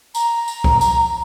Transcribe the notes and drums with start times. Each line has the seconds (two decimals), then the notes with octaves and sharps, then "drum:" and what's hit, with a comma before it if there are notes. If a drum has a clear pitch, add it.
0.15 A#5, drum: tambourine
0.48 drum: tambourine
0.64 drum: kick
0.81 drum: tambourine